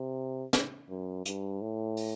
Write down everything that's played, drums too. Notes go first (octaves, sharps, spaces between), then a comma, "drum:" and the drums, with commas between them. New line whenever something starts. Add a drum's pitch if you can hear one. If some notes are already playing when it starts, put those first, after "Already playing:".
Already playing: C3
drum: snare
F#2
G2, drum: hi-hat
A2
drum: open hi-hat